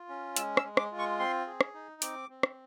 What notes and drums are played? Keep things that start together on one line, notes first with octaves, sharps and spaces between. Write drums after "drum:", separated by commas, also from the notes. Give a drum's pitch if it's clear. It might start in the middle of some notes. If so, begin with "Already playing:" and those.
Already playing: F4
C#4
G#3 E6, drum: hi-hat
E6, drum: rim click
G#3
D6, drum: rim click
F4
C#6
C4 C6
G#4
drum: rim click
D#4
C4 D6, drum: hi-hat
C4
drum: rim click